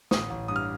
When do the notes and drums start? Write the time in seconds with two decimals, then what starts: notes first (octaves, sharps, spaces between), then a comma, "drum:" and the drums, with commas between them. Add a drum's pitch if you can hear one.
0.11 A1 D#6, drum: snare
0.30 A1
0.48 G2 D#6
0.56 F6